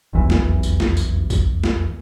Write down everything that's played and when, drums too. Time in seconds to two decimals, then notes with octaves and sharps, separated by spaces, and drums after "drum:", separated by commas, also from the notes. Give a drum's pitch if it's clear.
0.13 F1 B1 E2 E3
0.30 drum: snare
0.63 drum: tambourine
0.80 drum: snare
0.97 drum: tambourine
1.30 drum: kick A1, tambourine
1.64 drum: snare